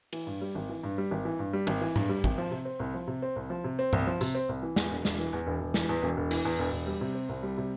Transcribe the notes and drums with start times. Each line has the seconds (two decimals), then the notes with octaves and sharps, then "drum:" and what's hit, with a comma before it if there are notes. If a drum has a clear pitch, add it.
0.13 E3, drum: cymbal
0.27 G2
0.41 G3
0.55 G#1
0.69 E3
0.83 G2
0.98 G3
1.11 G#1
1.25 E3
1.39 G2
1.53 G3
1.67 G#1, drum: cymbal
1.81 E3
1.96 G2, drum: tom G#2
2.09 G3
2.24 G#1, drum: kick
2.38 F3
2.51 C3
2.65 C4
2.80 C2
2.94 F3
3.07 C3
3.22 C4
3.36 C2
3.50 F3
3.64 C3
3.79 C4
3.93 C2, drum: tom G2
4.07 F3
4.21 C3, drum: tambourine
4.35 C4
4.49 C2
4.63 E3
4.76 E2, drum: snare
4.91 E1
5.05 E1, drum: snare
5.18 E3
5.33 E2
5.47 E1
5.61 E1
5.74 E3, drum: snare
5.89 E2
6.02 E1
6.17 E1
6.31 E3, drum: cymbal
6.45 E2
6.59 E1
6.72 E1
6.87 G3
7.01 C3
7.14 C4
7.29 C2
7.43 G3
7.58 C3